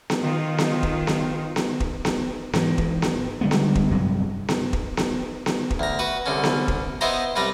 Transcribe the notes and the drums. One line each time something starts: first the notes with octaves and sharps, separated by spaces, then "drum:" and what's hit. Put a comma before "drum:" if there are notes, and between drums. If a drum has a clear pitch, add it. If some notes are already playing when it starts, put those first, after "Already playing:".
drum: snare B3
D#3 F4
drum: snare B3
drum: kick E1
drum: snare B3
drum: snare B3
drum: kick E1
drum: snare B3
G#2 E3, drum: snare B3
drum: kick E1
drum: snare B3
D3 G3 G#3 B3
drum: snare B3
drum: kick E1
G2 C3 F#3
drum: snare B3
drum: kick E1
drum: snare B3
drum: snare B3
drum: kick E1
D2 A#5
F#4 B4
C2 D3 C#4
drum: snare B3
drum: kick E1
B3 D#4 E4 C5 A#5
C2 G3 B4 A#5